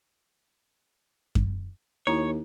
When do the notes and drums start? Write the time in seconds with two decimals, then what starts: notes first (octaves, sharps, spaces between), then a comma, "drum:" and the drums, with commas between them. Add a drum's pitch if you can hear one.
1.35 drum: kick F#2
2.07 D#2 E4 C#5 A#5